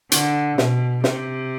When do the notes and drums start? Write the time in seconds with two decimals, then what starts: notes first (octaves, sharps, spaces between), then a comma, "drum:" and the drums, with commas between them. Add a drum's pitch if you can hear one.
0.12 D3, drum: hi-hat
0.58 B2, drum: snare
1.04 C3, drum: snare